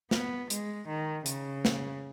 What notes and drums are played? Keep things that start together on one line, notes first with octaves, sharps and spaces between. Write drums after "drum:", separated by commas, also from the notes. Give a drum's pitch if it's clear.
B3, drum: snare
G#3, drum: hi-hat
D#3
C#3, drum: hi-hat
drum: snare